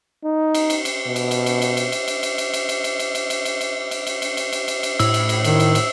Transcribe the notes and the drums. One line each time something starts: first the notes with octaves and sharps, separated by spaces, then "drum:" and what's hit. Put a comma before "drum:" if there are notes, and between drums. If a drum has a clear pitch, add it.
D#4
drum: cymbal
drum: cymbal
drum: cymbal
B2
drum: cymbal
drum: cymbal
drum: cymbal
drum: cymbal
drum: cymbal
drum: cymbal
drum: cymbal
drum: cymbal
drum: cymbal
drum: cymbal
drum: cymbal
drum: cymbal
drum: cymbal
drum: cymbal
drum: cymbal
drum: cymbal
drum: cymbal
drum: cymbal
drum: cymbal
drum: cymbal
drum: cymbal
drum: cymbal
drum: cymbal
drum: cymbal
A2 E6, drum: cymbal
drum: cymbal
drum: cymbal
D#3, drum: cymbal
drum: cymbal
drum: cymbal